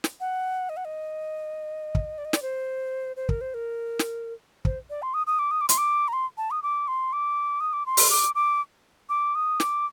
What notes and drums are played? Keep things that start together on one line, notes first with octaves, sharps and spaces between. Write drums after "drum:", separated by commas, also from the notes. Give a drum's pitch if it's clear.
drum: snare
F#5
D#5
F#5
D#5
drum: kick
D5
D#5
D5, drum: snare
C5
C5
A#4, drum: kick
C5
A#4
drum: snare
C5, drum: kick
D5
C6
D#6
D#6
D6
D#6
D6
C6, drum: hi-hat
D6
A#5
C6
A5
D#6
D6
C6
D6
D#6
D6
C6
drum: open hi-hat
D6
D6
D6
D#6
D6, drum: snare